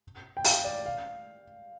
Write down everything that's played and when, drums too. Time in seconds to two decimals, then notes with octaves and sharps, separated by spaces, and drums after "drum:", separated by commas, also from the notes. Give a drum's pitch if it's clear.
0.37 G5
0.44 F5, drum: open hi-hat
0.64 D5
0.86 F5